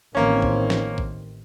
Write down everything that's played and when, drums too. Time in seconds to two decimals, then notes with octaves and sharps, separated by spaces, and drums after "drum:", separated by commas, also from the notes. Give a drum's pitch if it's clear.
0.15 A1 D#3 A#3 C4 C#4
0.42 drum: kick A1
0.70 drum: snare
0.98 drum: kick A1